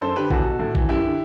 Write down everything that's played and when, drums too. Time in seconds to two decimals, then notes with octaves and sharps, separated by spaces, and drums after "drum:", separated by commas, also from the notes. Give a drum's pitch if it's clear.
0.01 F#2 A4 C5
0.16 D3 G4 B4
0.30 E2 F#4 A4, drum: kick A#1
0.45 B2
0.59 A2
0.75 E3, drum: kick A#1
0.89 F#2 E4 G4
1.04 D3